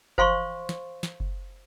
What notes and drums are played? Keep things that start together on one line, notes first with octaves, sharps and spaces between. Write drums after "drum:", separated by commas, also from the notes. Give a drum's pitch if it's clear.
C5 F5 C6 C#6, drum: kick F#1
drum: snare
drum: snare
drum: kick F#1